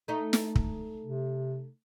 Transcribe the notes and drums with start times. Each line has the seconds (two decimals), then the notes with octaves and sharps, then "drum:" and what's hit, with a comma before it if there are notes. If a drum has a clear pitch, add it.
0.08 A3 D#4
0.33 drum: snare
0.55 drum: kick
1.03 C3